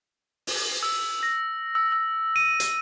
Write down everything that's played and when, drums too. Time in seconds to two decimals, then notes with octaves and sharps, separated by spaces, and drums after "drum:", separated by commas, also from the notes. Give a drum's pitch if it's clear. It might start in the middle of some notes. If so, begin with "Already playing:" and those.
0.47 drum: open hi-hat
0.83 E6
1.23 A#6
1.75 E6
1.92 E6
2.36 D#7
2.60 drum: hi-hat